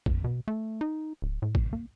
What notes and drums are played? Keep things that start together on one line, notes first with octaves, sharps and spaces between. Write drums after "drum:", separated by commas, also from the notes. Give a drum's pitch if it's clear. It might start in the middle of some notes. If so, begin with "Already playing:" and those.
F2, drum: kick
B2
A3
D#4
D1
A2
drum: kick
A#3